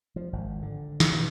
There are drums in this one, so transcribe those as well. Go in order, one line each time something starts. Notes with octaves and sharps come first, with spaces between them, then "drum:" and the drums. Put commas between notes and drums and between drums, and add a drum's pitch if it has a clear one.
F3
G#1
D3
drum: snare
B2